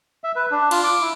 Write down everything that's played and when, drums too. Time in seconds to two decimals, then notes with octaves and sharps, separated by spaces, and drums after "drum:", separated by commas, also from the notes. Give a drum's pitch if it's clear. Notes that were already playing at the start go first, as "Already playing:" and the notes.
0.24 E5
0.36 B4
0.52 D4
0.71 F4, drum: cymbal
0.84 D6
1.01 E4